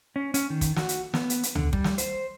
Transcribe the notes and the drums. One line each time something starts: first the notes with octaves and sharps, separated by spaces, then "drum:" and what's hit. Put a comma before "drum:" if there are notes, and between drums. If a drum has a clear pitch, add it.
C#4
C#4, drum: hi-hat
D#3
drum: kick, hi-hat
F#4, drum: snare
drum: hi-hat
B3, drum: snare
drum: hi-hat
drum: hi-hat
D3, drum: tom
G3, drum: kick
drum: snare
C5, drum: hi-hat